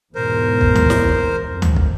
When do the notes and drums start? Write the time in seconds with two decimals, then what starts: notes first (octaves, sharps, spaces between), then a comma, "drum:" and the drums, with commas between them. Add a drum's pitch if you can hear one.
0.15 E2 G#2 B2 A#4 C5
0.61 drum: kick
0.75 drum: tom D2
0.90 drum: snare
1.04 drum: kick
1.48 F2
1.62 drum: tom D2
1.76 drum: kick